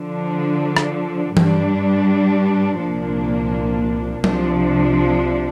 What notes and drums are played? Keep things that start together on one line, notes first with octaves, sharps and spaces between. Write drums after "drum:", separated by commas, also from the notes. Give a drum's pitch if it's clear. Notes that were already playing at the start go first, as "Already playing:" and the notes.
Already playing: D3 F3 D4
drum: rim click
G2 G3 D4, drum: tom E3
C2 A#2 F3 A#3 D4
C2 C3 F3 D4, drum: tom F#3